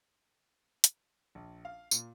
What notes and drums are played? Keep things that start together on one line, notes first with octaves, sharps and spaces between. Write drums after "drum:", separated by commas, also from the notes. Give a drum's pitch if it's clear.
drum: hi-hat
A#1
F5
A#2, drum: tambourine